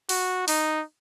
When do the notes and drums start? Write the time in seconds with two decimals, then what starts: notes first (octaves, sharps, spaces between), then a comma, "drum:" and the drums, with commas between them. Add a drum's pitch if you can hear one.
0.09 F#4, drum: open hi-hat
0.48 D#4, drum: open hi-hat